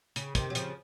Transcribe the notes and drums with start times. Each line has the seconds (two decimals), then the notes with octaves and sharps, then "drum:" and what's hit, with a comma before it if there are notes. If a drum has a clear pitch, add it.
0.16 C#3, drum: hi-hat
0.35 C3 D#3, drum: kick, hi-hat
0.50 F#3
0.55 C#3 F3, drum: hi-hat